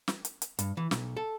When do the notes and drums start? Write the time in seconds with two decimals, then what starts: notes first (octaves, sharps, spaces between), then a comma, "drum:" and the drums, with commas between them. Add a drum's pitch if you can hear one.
0.08 drum: snare
0.25 drum: hi-hat
0.42 drum: hi-hat
0.59 G2, drum: hi-hat
0.77 E3
0.91 B1, drum: snare
1.17 A4